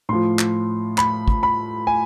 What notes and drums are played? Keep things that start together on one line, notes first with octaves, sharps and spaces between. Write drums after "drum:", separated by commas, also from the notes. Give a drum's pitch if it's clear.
A2 F3 C6
drum: clap
B5, drum: clap
drum: kick
B5
G#5